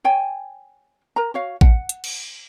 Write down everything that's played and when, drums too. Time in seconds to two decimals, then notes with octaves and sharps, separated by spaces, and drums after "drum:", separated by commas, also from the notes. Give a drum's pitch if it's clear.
0.04 C#5 G5 G#5
1.16 A#4 A#5
1.34 F#4 C#5 F5
1.61 F#5, drum: kick A1
1.89 drum: hi-hat
2.04 drum: cymbal